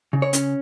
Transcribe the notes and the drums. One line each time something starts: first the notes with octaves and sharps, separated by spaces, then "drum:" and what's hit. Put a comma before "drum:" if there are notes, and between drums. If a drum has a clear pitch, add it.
C#3
C#5
C#4, drum: hi-hat